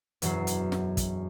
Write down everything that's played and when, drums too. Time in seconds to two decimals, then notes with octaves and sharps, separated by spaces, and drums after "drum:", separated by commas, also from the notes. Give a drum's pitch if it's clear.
0.22 E1 F#2 F#3 C7, drum: hi-hat
0.47 drum: hi-hat
0.72 drum: snare
0.97 drum: kick, hi-hat